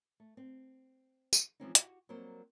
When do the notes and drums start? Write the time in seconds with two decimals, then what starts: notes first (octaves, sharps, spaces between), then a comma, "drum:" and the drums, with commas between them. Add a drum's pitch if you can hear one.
0.20 A3
0.37 C4
1.33 drum: tambourine
1.60 E3 F3 G#3 C4 C#4 D#4
1.75 F#4 G4, drum: hi-hat
2.09 F#3 G3 A#3 C4 A#4 C5